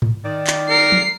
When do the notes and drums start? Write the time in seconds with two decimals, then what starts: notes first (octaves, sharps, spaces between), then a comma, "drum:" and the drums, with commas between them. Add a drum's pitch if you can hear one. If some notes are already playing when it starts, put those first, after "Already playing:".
0.02 drum: tom G#2
0.24 D#3 D5
0.47 drum: clap
0.70 A#4 C7
0.92 drum: tom